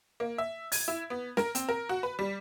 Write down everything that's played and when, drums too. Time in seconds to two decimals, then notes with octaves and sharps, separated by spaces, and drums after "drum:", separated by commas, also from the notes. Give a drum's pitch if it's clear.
0.20 A#3
0.38 E5
0.72 G#6, drum: open hi-hat
0.88 E4
1.10 B3
1.37 A#4, drum: snare
1.55 C4, drum: hi-hat
1.69 A#4
1.89 F#4
2.03 B4
2.19 G3